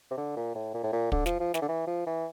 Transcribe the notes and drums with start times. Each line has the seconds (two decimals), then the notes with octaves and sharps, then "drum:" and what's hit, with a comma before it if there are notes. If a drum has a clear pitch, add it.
0.11 C3
0.17 D3
0.36 A#2
0.55 A2
0.74 A#2
0.83 A2
0.93 A#2
1.12 D3, drum: kick
1.26 F3, drum: snare
1.40 F3
1.54 E3, drum: snare
1.62 D3
1.69 E3
1.87 F3
2.07 E3